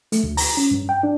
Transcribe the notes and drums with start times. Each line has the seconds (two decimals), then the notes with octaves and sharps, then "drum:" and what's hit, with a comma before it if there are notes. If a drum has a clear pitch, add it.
0.12 A3, drum: hi-hat
0.23 D2
0.37 A#5, drum: open hi-hat
0.57 C#4
0.71 G2
0.89 G5
1.03 D4